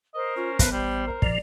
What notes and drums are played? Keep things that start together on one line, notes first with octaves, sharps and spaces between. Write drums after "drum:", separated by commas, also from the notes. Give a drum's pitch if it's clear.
A#4 C5 D#5
C#4 F4
A1 B3 B4, drum: kick, hi-hat
G3 C5
A#4
A#2 F3 D5, drum: kick